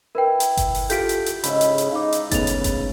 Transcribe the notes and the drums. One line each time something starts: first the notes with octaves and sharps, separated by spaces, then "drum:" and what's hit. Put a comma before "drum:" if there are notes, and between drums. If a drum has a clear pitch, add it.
E4 A#4 B4 G5
drum: hi-hat
drum: kick G1, hi-hat
drum: open hi-hat
F4 G4 A4 G6 B6 D7, drum: hi-hat
drum: hi-hat
drum: hi-hat
G#2 C#3 E5 B5, drum: hi-hat
drum: hi-hat
drum: hi-hat
D#4 F5 D6
drum: hi-hat
C#3 A3 B3 B4 A#5 A6 F7, drum: kick G1, hi-hat
drum: hi-hat
drum: kick G1, hi-hat